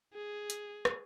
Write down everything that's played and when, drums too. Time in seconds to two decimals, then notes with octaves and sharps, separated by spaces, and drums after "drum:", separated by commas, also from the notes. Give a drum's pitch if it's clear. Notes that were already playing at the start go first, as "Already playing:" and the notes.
0.14 G#4
0.50 drum: hi-hat
0.85 drum: rim click